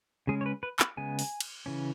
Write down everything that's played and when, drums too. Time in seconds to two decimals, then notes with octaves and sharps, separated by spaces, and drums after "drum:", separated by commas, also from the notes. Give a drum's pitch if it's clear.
0.27 C#3 G#3 C#4 G#4
0.41 C#5
0.46 B4
0.63 B4
0.79 B5, drum: clap
0.97 C#3 G#3 B3 G#5
1.19 drum: open hi-hat
1.40 drum: cymbal
1.66 C#3 E3 C#4